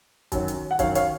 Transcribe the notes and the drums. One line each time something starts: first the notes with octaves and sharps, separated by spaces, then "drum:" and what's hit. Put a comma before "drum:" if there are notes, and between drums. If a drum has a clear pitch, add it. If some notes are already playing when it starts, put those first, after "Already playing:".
F#2 D#3 F#3, drum: kick, hi-hat
drum: hi-hat
F#5
F#2 D#3 F#3 C#5 F5, drum: kick, hi-hat
C#5 F5, drum: hi-hat